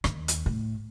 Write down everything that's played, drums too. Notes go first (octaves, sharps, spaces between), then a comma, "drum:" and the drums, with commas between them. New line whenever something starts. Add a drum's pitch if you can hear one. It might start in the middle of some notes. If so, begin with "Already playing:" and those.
D#2, drum: rim click
drum: hi-hat
A2